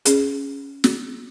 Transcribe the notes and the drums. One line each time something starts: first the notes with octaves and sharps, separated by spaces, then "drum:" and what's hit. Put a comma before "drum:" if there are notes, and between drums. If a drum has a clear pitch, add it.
C#4 G#4, drum: hi-hat
drum: snare